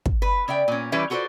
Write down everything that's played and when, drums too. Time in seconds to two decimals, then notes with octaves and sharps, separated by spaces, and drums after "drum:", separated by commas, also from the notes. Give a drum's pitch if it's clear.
0.06 drum: kick
0.22 B4
0.48 C#3 D5 E5 G5
0.68 A#2 C#4
0.92 E3 G3 C#4 G4 B4 E5
1.10 F4 F#4 A4 B4 C5 D5